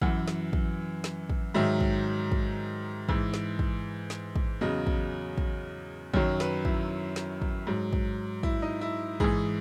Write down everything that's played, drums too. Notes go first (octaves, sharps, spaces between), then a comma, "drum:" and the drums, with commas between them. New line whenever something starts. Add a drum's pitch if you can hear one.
F#2 E3 F#5, drum: kick
drum: snare
drum: kick
drum: snare
drum: kick
G#2 D#3 F#3 E5
drum: kick
drum: kick
G#2 E3, drum: kick
drum: snare
drum: kick
drum: snare
drum: kick
E2 C#3 F#3 D#5
drum: kick
drum: kick
F#2 D#3 F#3 C#5, drum: kick
B4, drum: snare
E4, drum: kick
drum: snare
drum: kick
G#2 F#3
drum: kick
E4, drum: kick
D#4
E4
G#2 E3 G#4, drum: kick